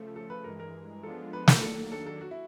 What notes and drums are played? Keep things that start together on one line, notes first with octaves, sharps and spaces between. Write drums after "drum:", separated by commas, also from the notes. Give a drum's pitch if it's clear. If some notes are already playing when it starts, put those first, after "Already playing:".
Already playing: C#3 F3 A3 A4
A4
B4
G2 E3 G#3 A#4
A#4
F3 G#3 B3 D4 F4 A4
B4
A#4, drum: snare
D#3 F#3 A#3 D4 A4
A4
A4
F#4
E4